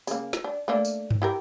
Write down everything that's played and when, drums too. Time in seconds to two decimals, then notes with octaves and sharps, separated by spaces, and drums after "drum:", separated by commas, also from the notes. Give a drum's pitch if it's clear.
0.07 C#3 A#3, drum: tambourine
0.33 drum: snare
0.44 D4
0.68 A3 A#3 D4
0.85 drum: tambourine
1.11 drum: tom G2
1.22 E4 G4 A#4